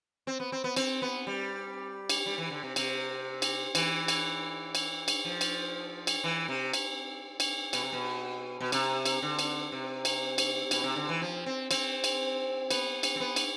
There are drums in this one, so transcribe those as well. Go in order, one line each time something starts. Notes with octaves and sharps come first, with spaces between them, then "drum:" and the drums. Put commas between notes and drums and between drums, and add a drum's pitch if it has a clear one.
C4
B3
C4
B3
C4, drum: cymbal
B3
G3
drum: cymbal
G3
E3
D3
C3
C3, drum: cymbal
drum: cymbal
E3, drum: cymbal
drum: cymbal
drum: cymbal
drum: cymbal
F3
drum: cymbal
drum: cymbal
E3
C3
drum: cymbal
drum: cymbal
B2, drum: cymbal
C3
B2
B2
C3, drum: cymbal
drum: cymbal
D3
drum: cymbal
C3
drum: cymbal
drum: cymbal
B2, drum: cymbal
C3
D3
E3
F3
C4
C4, drum: cymbal
drum: cymbal
B3, drum: cymbal
drum: cymbal
C4
B3
drum: cymbal